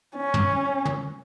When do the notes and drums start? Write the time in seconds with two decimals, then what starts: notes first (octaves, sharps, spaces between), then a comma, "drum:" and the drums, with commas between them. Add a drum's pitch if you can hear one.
0.17 C#4
0.34 drum: tom
0.85 drum: tom